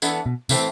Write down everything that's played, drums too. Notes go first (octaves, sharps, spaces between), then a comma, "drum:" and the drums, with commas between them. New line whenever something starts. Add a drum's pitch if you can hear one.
E3 B3 D4 A4, drum: tambourine
B2
A2 C3 E3 A3 C4, drum: tambourine